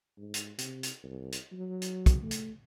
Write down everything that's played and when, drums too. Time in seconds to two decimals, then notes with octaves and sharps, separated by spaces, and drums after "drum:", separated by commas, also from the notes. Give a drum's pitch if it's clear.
0.18 G#2
0.34 drum: hi-hat
0.58 C3, drum: hi-hat
0.83 drum: hi-hat
1.03 C2
1.32 drum: hi-hat
1.52 F#3
1.82 drum: hi-hat
2.06 drum: kick, hi-hat
2.22 A3
2.31 drum: hi-hat